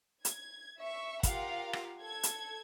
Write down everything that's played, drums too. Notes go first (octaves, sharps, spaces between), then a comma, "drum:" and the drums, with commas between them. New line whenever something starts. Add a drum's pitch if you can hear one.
G#6, drum: hi-hat
E5 C#6
F4 G4 A#4 F5 F#5, drum: kick, hi-hat
drum: rim click
A4 G#6
drum: hi-hat